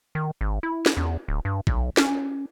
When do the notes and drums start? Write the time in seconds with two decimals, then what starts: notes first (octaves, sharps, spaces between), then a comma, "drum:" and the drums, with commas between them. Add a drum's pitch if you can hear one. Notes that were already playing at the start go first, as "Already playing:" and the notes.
0.15 D#3
0.41 G#1
0.63 E4
0.86 drum: snare
0.97 E2
1.28 D1
1.45 G2
1.67 B1, drum: kick
1.97 C#4, drum: snare